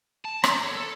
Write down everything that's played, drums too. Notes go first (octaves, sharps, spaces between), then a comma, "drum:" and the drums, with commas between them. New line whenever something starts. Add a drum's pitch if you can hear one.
A5
A#5, drum: rim click
D3 C#5
A4